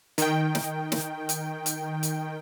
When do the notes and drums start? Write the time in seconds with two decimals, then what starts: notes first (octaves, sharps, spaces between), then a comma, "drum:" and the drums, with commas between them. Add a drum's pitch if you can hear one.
0.18 D#3 G5, drum: hi-hat
0.55 drum: snare
0.92 drum: snare
1.29 drum: hi-hat
1.66 drum: hi-hat
2.03 drum: hi-hat